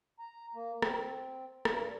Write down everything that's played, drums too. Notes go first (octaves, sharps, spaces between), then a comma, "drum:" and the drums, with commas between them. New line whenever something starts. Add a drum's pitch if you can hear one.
A#5
A#3
C4, drum: rim click
G2, drum: rim click